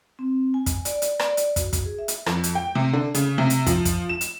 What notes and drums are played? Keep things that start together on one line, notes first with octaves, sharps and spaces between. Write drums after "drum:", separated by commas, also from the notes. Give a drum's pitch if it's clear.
C4
G#5
drum: kick, hi-hat
D5, drum: hi-hat
drum: hi-hat
D5, drum: rim click
drum: hi-hat
F#4, drum: kick, hi-hat
drum: kick, hi-hat
G#4
E5
drum: hi-hat
F2, drum: rim click
drum: hi-hat
G5
C3
D3
C#3, drum: hi-hat
C3
drum: hi-hat
F3, drum: kick, hi-hat
drum: kick, hi-hat
E7
drum: hi-hat